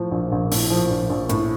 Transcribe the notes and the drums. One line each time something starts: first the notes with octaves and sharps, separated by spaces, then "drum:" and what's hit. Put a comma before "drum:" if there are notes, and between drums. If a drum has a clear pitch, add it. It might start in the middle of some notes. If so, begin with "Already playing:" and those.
Already playing: A2 F3
A#1
A#1
A2, drum: open hi-hat
F3
A#1
A#1
A2, drum: hi-hat